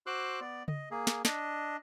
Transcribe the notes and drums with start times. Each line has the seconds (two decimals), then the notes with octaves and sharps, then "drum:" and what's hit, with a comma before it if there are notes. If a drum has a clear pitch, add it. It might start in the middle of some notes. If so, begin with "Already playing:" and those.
0.06 F#4 C5 C6 D6 E6 F#6
0.41 B3 D5
0.68 D#5, drum: tom C#3
0.91 A#3 G#4
1.07 drum: snare
1.25 D4 D#5, drum: snare